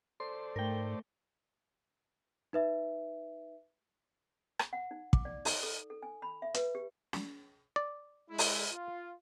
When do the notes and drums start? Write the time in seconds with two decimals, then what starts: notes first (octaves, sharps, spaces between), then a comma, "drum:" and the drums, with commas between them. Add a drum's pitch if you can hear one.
0.20 A4 C5 D5 C6
0.56 G#2 A3 A#4 G5
2.53 D#4 B4 E5
4.59 drum: rim click
4.73 F#5
4.91 D#4
5.13 D6, drum: kick
5.25 D5
5.45 D#4, drum: open hi-hat
5.63 A4
5.90 A4
6.02 G#5
6.22 B5
6.42 E5
6.54 B4, drum: hi-hat
6.75 G4
7.13 drum: snare
7.76 D5
8.29 G#3 E4
8.38 drum: open hi-hat
8.72 F4